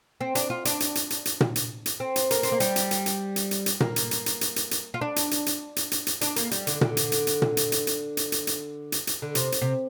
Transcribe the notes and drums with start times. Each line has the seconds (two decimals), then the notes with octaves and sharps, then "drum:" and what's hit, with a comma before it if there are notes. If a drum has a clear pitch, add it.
0.21 C4
0.35 D4, drum: hi-hat
0.50 F4
0.65 D4, drum: hi-hat
0.80 drum: hi-hat
0.95 drum: hi-hat
1.10 drum: hi-hat
1.25 drum: hi-hat
1.41 drum: tom A#2
1.56 drum: hi-hat
1.86 drum: hi-hat
2.00 C4
2.16 drum: hi-hat
2.31 A#3, drum: hi-hat
2.43 C4, drum: hi-hat
2.52 A#3
2.60 G3, drum: hi-hat
2.76 drum: hi-hat
2.91 drum: hi-hat
3.06 drum: hi-hat
3.36 drum: hi-hat
3.51 drum: hi-hat
3.66 drum: hi-hat
3.80 A#3, drum: tom A#2
3.96 drum: hi-hat
4.11 drum: hi-hat
4.26 drum: hi-hat
4.41 drum: hi-hat
4.56 drum: hi-hat
4.71 drum: hi-hat
4.94 F4
5.01 D4
5.16 drum: hi-hat
5.31 drum: hi-hat
5.46 drum: hi-hat
5.76 drum: hi-hat
5.91 drum: hi-hat
6.07 drum: hi-hat
6.21 D4, drum: hi-hat
6.36 A#3, drum: hi-hat
6.51 G3, drum: hi-hat
6.67 D3, drum: hi-hat
6.81 D3, drum: tom A#2
6.97 drum: hi-hat
7.12 drum: hi-hat
7.27 drum: hi-hat
7.42 drum: tom A#2
7.57 drum: hi-hat
7.72 drum: hi-hat
7.87 drum: hi-hat
8.17 drum: hi-hat
8.32 drum: hi-hat
8.47 drum: hi-hat
8.92 drum: hi-hat
9.07 drum: hi-hat
9.22 D3
9.35 C3, drum: hi-hat
9.52 drum: hi-hat
9.62 C3